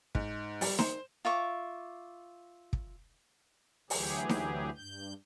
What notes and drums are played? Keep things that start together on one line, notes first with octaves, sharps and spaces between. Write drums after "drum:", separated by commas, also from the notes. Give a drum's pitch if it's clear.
G#2, drum: kick
G3, drum: open hi-hat
C5, drum: snare D#4
F4 E5 C#6 D6
drum: kick
D2 E3 F#3 G4 G#4, drum: open hi-hat
drum: snare D#4
G2 G6